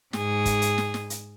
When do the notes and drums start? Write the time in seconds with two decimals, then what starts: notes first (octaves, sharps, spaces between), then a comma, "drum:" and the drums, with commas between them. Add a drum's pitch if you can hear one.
0.13 G#2 G#4, drum: snare
0.46 drum: kick, hi-hat
0.62 drum: hi-hat
0.78 drum: snare
0.94 drum: snare
1.10 drum: hi-hat